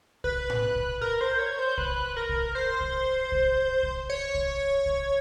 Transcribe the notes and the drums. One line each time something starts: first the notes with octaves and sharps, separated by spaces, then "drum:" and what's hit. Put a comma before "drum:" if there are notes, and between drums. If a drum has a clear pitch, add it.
B4, drum: kick
drum: tom A2
drum: kick
A#4
C5
C#5
C5
B4, drum: kick
A#4
drum: kick
C5
drum: kick
drum: kick
drum: kick
C#5
drum: kick
drum: kick